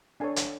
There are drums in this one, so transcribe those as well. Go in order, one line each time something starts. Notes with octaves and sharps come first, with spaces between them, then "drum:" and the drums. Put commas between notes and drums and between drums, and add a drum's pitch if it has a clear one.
D4 A4 C#5 G#5
drum: hi-hat